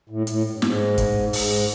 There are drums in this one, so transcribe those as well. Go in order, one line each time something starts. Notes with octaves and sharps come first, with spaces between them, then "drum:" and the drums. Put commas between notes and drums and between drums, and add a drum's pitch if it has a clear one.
A2
A2, drum: hi-hat
G2
G#2, drum: snare
drum: kick, hi-hat
G#2, drum: open hi-hat